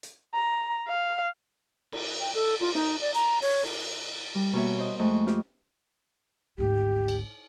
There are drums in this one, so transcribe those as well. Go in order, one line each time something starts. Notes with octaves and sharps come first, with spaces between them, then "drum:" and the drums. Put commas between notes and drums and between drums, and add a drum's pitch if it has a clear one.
drum: hi-hat
A#5
F5
drum: cymbal
G5
A4
F4, drum: cymbal
D#4, drum: snare
D5
A#5, drum: hi-hat
C#5, drum: open hi-hat
drum: cymbal
G3
B2 A#3 C#5 E5
C5 D#5
F2 G#3 A3 D#5 C#6
F4 G4 D#5, drum: snare
G#1 D2 G4
drum: cymbal